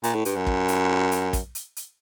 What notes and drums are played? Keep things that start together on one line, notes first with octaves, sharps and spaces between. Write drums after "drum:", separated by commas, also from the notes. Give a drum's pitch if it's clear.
A#2, drum: hi-hat
A2
G2, drum: hi-hat
F#2
drum: kick
drum: hi-hat
drum: hi-hat
drum: kick, hi-hat
drum: hi-hat
drum: hi-hat